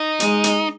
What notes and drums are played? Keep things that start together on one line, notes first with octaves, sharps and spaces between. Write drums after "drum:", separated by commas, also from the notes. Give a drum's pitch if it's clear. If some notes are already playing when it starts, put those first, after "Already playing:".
Already playing: D#4
G#3, drum: hi-hat
drum: hi-hat